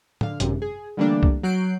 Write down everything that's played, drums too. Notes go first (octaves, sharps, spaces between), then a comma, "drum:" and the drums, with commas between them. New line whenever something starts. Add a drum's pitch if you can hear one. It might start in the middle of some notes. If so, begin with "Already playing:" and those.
D3 F5, drum: tom
G#1 F#2 C3, drum: hi-hat
G#4
D3 E3 G3 A3 A#3 D4
drum: kick C2
F#3 F#6 G6 C7 D7